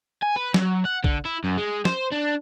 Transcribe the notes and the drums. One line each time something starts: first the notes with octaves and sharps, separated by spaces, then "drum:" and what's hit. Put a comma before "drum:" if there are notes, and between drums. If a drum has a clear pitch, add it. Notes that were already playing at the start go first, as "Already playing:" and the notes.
G#5
B4
F#3, drum: snare
F#5
D3, drum: kick A#1
E4
F#2
G#3
C5, drum: snare
D4